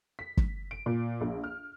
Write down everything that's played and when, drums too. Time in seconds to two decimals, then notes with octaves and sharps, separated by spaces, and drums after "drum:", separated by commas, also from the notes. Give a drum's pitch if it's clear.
0.19 B6
0.37 drum: kick
0.71 D7
0.86 A#2
1.21 A#1
1.44 F6